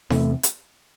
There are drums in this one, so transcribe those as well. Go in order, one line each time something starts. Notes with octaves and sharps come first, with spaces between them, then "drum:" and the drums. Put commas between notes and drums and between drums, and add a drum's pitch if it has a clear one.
E2 C3 A3, drum: snare D#4
drum: hi-hat